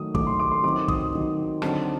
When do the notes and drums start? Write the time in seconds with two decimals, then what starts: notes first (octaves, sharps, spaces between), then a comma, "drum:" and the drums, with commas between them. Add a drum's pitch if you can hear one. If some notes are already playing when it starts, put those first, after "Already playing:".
Already playing: D#3 F#3 A3 D#6
0.15 D#3 F#3 A3 D6, drum: kick
0.27 C6
0.40 D6
0.51 C6
0.63 D#3 F#3 C4 D#4 D6
0.76 D6
0.88 D#6, drum: kick
1.13 D#3 F#3 C4 D#4
1.62 D3 F#3 C4 D#4 A5, drum: rim click